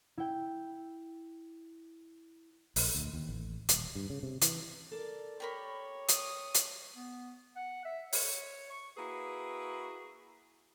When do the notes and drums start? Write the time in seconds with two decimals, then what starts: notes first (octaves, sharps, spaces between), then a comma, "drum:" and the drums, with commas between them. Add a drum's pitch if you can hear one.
0.18 E4 G5
2.76 A#1, drum: open hi-hat
2.95 D2
3.13 D#2
3.29 A1
3.69 D#1, drum: hi-hat
3.95 G2
4.10 C#3
4.23 C3
4.41 E3, drum: hi-hat
4.92 A4 A#4 D5
5.40 G4 A#4 C#5 B5
6.08 D#6, drum: hi-hat
6.54 drum: hi-hat
6.95 B3
7.56 F#5
7.85 E5
8.13 C#5, drum: open hi-hat
8.70 C#6
8.98 A#3 E4 F#4 G#4 B4